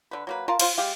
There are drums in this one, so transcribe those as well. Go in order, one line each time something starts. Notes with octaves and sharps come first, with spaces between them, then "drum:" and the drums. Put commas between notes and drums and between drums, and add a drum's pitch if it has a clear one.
D3 B4
F#3 A#3 B4
F4 A#4 A5
F4 C5 F5, drum: cymbal
G#3 G4 F5